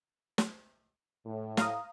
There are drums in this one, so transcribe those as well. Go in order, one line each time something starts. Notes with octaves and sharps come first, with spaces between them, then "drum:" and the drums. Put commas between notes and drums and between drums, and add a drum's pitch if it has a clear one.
drum: snare
A2
F5 A#5 D#6, drum: snare